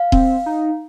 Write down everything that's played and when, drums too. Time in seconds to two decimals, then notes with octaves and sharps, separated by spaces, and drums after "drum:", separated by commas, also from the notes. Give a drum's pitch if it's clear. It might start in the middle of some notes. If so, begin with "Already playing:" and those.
Already playing: F5
0.12 C4, drum: kick D#1
0.46 D#4